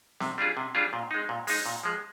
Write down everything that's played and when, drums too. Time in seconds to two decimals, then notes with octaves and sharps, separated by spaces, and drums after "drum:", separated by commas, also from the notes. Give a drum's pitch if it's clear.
0.20 C3, drum: snare C4
0.38 G3 D4 F4 G#4
0.57 C3
0.75 G3 D4 F4 G#4
0.93 A#2
1.11 G#3 D#4
1.29 A#2
1.47 G#3 D#4, drum: open hi-hat
1.66 A#2
1.83 F3 G#3